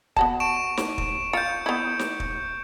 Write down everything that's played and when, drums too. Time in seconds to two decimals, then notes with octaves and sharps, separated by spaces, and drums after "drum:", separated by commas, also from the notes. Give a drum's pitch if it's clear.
0.16 B3 F#4 A5, drum: kick
0.40 C#6 D7 E7
0.77 drum: snare
0.98 drum: kick
1.33 F4 G6 C#7
1.66 B3 E4
1.99 drum: snare
2.20 drum: kick